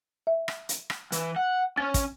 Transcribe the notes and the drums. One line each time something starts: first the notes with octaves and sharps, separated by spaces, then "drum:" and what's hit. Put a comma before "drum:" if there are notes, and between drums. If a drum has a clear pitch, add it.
E5
drum: rim click
drum: hi-hat
drum: rim click
E3, drum: hi-hat
F#5
C#4 C#5 A6
drum: kick, hi-hat